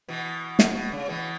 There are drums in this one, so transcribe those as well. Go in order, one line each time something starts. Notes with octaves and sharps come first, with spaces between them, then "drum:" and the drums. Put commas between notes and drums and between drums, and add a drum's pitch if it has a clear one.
B2 E3
drum: snare
B2
C#3
B2 E3